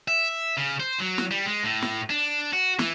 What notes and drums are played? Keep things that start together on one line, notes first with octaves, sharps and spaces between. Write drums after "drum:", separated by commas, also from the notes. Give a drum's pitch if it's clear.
E5
C#3
C5
F#3
drum: snare
G3
G#3
A2
drum: snare
D4
F#4
E3, drum: snare